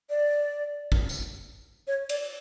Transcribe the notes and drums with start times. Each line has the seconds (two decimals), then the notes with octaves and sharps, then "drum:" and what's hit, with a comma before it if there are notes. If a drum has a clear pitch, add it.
0.10 D5
0.92 drum: kick
1.09 drum: tambourine
1.87 C#5
2.09 D5, drum: cymbal